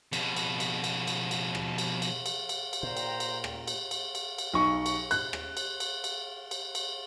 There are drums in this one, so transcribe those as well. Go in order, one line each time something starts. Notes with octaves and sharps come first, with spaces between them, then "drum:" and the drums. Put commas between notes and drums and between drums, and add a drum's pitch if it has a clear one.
F2 B2, drum: cymbal
drum: cymbal
drum: cymbal
drum: cymbal
drum: cymbal
drum: cymbal
drum: rim click
drum: cymbal
drum: cymbal
drum: cymbal
drum: cymbal
drum: cymbal
A#2 C5 G5 A#5
drum: cymbal
drum: cymbal
drum: rim click
drum: cymbal
drum: cymbal
drum: cymbal
drum: cymbal
B1 C#6
drum: cymbal
F#6, drum: cymbal
drum: rim click
drum: cymbal
drum: cymbal
drum: cymbal
drum: cymbal
drum: cymbal